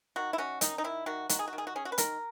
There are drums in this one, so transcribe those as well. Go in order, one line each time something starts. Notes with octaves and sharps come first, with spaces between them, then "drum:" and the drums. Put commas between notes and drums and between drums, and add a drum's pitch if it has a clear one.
D#3 F#4
E4
C#4 F#4
D#3 D#4, drum: hi-hat
D#4
D#3 E4
D#3 F#4
D#3 F#4, drum: hi-hat
G#4
F#4
D#3
G#4
F#4
C#4 G#4
F#4
B4
D#3 A#4, drum: hi-hat